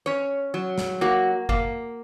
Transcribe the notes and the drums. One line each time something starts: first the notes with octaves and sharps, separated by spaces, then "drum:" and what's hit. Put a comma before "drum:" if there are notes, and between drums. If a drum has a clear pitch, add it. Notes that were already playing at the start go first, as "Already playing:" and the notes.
C#4 C#5
F#3
drum: snare
A#3 F#4
A#3, drum: kick